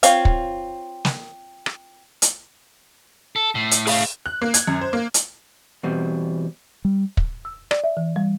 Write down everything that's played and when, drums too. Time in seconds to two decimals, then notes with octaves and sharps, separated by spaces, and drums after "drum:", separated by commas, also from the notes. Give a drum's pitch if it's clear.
0.03 C4 F4 C#5 F5, drum: hi-hat
0.25 drum: kick
1.05 drum: snare
1.66 drum: rim click
2.22 drum: hi-hat
3.36 A4
3.55 A2
3.71 drum: hi-hat
3.87 G#4 F5, drum: open hi-hat
4.26 F#6
4.42 A#3
4.54 G#6, drum: hi-hat
4.67 F#2
4.81 C5
4.93 A#3
5.14 drum: hi-hat
5.83 E2 B2 G3 C4
6.85 G3
7.17 drum: kick
7.45 E6
7.71 D5, drum: rim click
7.84 E5
7.97 E3
8.16 G3